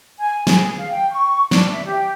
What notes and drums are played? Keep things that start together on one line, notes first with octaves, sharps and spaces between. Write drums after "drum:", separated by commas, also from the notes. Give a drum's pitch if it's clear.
G#5
G#4, drum: snare
F5
G5
C#6
D4, drum: snare
E5
G4